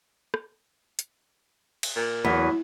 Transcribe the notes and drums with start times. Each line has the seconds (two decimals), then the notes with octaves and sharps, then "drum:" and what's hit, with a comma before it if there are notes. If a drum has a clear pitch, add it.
0.34 drum: rim click
0.99 drum: hi-hat
1.83 drum: cymbal
1.96 A#2
2.25 E2 F#3 B4